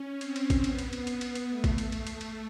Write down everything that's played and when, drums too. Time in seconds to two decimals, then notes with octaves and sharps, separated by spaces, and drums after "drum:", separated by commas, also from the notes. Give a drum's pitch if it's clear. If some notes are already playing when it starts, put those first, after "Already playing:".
Already playing: C#4
0.21 C4, drum: cymbal
0.36 drum: cymbal
0.50 drum: kick, cymbal
0.64 B3, drum: cymbal
0.78 drum: cymbal
0.93 drum: cymbal
1.07 drum: cymbal
1.21 drum: cymbal
1.35 drum: cymbal
1.50 A3
1.64 drum: kick, cymbal
1.78 drum: cymbal
1.92 drum: cymbal
2.07 drum: cymbal
2.21 drum: cymbal